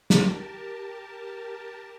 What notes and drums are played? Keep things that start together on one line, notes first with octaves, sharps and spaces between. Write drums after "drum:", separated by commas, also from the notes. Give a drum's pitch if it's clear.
G4 A#4 A5, drum: snare